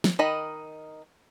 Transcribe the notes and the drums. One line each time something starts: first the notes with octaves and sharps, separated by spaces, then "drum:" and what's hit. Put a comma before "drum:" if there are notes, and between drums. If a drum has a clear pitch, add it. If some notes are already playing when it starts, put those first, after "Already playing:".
drum: snare
D#3 D#5 B5